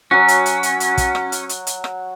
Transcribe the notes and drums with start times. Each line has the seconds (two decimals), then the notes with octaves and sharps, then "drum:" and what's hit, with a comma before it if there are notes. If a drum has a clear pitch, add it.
0.11 F#3 C#4 F#4
0.28 drum: hi-hat
0.46 drum: hi-hat
0.63 drum: hi-hat
0.80 drum: hi-hat
0.97 drum: kick, hi-hat
1.15 drum: rim click
1.32 drum: hi-hat
1.49 drum: hi-hat
1.67 drum: hi-hat
1.84 drum: rim click